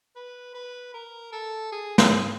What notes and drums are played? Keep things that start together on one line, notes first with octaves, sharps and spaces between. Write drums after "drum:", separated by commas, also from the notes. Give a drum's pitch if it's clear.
B4
B4
A#4
A4
G#4
G#4, drum: snare